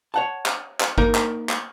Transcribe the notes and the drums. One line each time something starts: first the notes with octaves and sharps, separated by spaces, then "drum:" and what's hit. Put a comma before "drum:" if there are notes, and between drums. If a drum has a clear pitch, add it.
C#5 F#5 A5
drum: clap
drum: clap
A#3 D#4 A#4, drum: kick
drum: clap
drum: clap